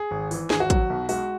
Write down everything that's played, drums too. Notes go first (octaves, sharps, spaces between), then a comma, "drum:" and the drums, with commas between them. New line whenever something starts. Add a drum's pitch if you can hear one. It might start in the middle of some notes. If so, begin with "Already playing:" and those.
Already playing: G#4
G#1
E3, drum: open hi-hat
G#1 G#4, drum: snare
F#4
F#3, drum: kick, hi-hat
B1
G#3 F#4, drum: open hi-hat